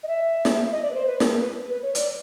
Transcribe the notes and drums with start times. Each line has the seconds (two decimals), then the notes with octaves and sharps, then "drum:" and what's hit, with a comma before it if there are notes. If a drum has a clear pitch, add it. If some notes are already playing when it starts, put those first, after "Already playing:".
0.03 D#5
0.08 E5
0.45 drum: snare
0.72 D#5
0.82 D5
0.90 B4
0.94 C5
1.07 B4
1.20 A#4, drum: snare
1.38 B4
1.70 B4
1.82 C#5
1.95 D5, drum: hi-hat